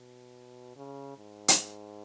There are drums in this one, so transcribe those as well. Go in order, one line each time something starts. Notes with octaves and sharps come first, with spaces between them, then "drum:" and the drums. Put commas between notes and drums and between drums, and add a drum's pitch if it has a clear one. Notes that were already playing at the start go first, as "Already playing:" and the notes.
Already playing: B2
C#3
G#2
drum: hi-hat